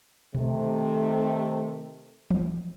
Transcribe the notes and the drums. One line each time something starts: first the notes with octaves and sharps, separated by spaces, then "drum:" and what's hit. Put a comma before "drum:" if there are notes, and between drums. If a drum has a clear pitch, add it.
C3 D#3 A3, drum: tom B2
drum: tom